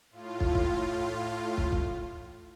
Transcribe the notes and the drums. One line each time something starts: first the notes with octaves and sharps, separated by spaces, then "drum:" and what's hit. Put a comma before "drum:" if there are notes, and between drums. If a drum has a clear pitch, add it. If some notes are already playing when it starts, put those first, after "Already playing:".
A2 F4
drum: kick
drum: kick
drum: kick
drum: kick